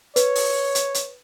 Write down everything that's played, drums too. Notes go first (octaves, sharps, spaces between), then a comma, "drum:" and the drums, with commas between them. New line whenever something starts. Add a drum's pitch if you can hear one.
B4 C#5, drum: hi-hat
drum: open hi-hat
drum: hi-hat
drum: hi-hat